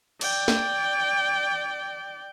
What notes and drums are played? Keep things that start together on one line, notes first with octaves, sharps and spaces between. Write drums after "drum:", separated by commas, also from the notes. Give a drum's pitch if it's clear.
D5 G5, drum: cymbal
drum: snare